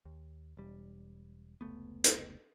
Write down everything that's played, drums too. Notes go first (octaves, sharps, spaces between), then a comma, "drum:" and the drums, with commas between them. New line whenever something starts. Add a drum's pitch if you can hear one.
D#2
E1 G3
F1 C#2 A3 B3
drum: hi-hat